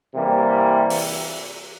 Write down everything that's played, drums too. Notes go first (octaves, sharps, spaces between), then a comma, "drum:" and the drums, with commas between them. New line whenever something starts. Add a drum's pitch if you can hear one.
C3 E3 G3 A#3
drum: open hi-hat